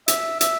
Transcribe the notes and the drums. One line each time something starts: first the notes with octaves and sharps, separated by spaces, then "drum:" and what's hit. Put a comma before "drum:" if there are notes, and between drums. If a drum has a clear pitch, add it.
E5, drum: hi-hat
E5, drum: hi-hat